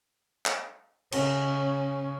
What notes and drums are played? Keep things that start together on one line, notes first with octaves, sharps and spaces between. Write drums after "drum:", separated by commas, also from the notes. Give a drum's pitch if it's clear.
drum: clap
C#3 C#4, drum: cymbal